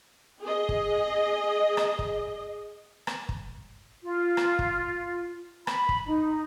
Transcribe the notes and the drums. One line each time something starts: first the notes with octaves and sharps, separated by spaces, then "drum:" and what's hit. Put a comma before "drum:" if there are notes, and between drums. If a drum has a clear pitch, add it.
G#4 D#5
drum: kick
drum: rim click
drum: kick
drum: rim click
drum: kick
F4
drum: rim click
drum: kick
B5, drum: rim click
drum: kick
D#4